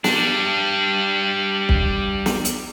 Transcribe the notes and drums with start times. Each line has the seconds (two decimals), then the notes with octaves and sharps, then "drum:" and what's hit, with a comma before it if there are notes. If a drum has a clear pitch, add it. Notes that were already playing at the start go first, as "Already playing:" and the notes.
0.04 G3 D4, drum: snare
1.69 drum: kick
2.26 drum: snare
2.45 drum: hi-hat